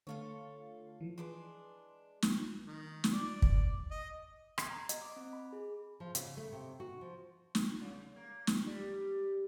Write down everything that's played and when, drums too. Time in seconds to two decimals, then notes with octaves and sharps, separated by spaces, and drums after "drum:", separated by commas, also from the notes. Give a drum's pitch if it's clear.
0.07 D3 A3 F4 A4 C#5 F5
1.00 E3 F3
1.18 G#3 D4 B4 C6
2.22 drum: snare
2.66 D#3
3.04 drum: snare
3.13 D5
3.42 drum: kick
3.91 D#5
4.58 G#6, drum: rim click
4.70 A#5
4.89 D#5, drum: hi-hat
5.01 D6
5.16 C4
5.33 B5
5.53 G#4
6.00 F3
6.15 C#3, drum: hi-hat
6.37 A3
6.52 C3
6.80 F#4
7.01 F3
7.55 drum: snare
7.81 C#3
8.16 A#3
8.47 drum: snare
8.66 G3